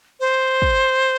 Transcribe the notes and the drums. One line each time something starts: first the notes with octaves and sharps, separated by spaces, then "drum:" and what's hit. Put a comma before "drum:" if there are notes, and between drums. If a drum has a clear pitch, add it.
C5
drum: kick